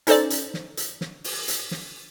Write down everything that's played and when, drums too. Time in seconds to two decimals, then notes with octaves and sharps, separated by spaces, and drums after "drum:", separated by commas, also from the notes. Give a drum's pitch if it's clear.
0.07 C#4 D#4 A4 C5 D5, drum: hi-hat
0.30 drum: hi-hat
0.54 drum: snare
0.77 drum: hi-hat
1.01 drum: snare
1.24 drum: open hi-hat
1.48 drum: hi-hat
1.71 drum: snare